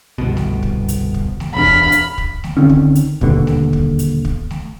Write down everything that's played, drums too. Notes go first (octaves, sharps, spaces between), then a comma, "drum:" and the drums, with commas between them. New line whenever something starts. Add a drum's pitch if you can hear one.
G1 C2 B2
drum: snare A3
drum: kick
drum: hi-hat
drum: kick
drum: snare A3
E1 E2 D4 B5 F6
drum: kick
drum: hi-hat
drum: kick
drum: snare A3
D3 D#3 C4 C#4
drum: kick
drum: hi-hat
D#1 D#2 B2 D3, drum: kick
drum: snare A3
drum: kick
drum: hi-hat
drum: kick
drum: snare A3